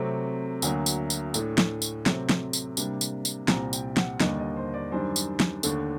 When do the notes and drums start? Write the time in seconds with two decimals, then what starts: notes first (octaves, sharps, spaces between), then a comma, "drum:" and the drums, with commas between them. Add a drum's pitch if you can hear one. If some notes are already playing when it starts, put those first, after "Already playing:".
Already playing: C3 F#3 A3 C4
0.62 D2 D3 F#3 A#3, drum: tambourine
0.86 drum: tambourine
1.10 drum: tambourine
1.34 A2 A3 D4, drum: tambourine
1.58 drum: snare
1.82 drum: tambourine
2.06 C3 F#3 A3 C4, drum: snare
2.29 drum: snare
2.53 drum: tambourine
2.77 C3 G3 A#3 D4, drum: tambourine
3.01 drum: tambourine
3.25 drum: tambourine
3.48 C2 A#2 G3 C4 A#5, drum: snare
3.73 G5, drum: tambourine
3.97 F#5, drum: snare
4.20 D#2 D3 G3 A#3 D4 D#5, drum: snare
4.39 D#5
4.56 C5
4.74 D5
4.91 F#2 D#3 G3 D4 C5
5.16 drum: tambourine
5.40 drum: snare
5.63 D#2 D3 A3 D4, drum: tambourine